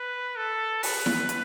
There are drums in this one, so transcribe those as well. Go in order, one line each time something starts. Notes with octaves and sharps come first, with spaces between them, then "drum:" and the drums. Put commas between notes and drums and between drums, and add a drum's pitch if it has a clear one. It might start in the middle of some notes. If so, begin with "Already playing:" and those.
Already playing: B4
A4
B4, drum: open hi-hat
drum: snare E4
drum: hi-hat